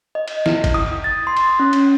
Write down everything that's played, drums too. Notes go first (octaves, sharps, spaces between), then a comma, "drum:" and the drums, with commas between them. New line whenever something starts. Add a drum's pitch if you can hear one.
D#5
drum: cymbal
E4, drum: snare
drum: kick G1, cymbal
D#6
A6
C6
drum: cymbal
C#4
drum: cymbal